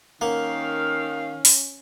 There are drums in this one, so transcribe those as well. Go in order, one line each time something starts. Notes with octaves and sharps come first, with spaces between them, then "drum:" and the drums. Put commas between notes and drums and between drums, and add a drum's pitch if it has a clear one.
D#3 A#3 C#4 F5 F#5
drum: open hi-hat